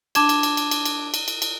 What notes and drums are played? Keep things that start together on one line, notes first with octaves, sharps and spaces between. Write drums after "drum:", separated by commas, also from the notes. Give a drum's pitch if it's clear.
D4 A5 D6 G#6 E7, drum: cymbal
drum: cymbal
drum: cymbal
drum: cymbal
drum: cymbal
drum: cymbal
drum: cymbal
drum: cymbal
drum: cymbal